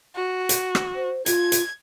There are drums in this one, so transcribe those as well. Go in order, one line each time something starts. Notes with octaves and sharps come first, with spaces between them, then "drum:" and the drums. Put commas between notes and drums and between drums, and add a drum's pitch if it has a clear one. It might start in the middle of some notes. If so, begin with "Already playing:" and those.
F#4
drum: hi-hat
drum: rim click
C5
F4 G#6, drum: hi-hat
drum: hi-hat